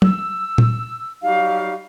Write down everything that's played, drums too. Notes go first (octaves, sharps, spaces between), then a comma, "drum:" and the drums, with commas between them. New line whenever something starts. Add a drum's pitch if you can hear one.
E6, drum: tom
drum: tom
F#3 G3 D#4 F#4 G4 F5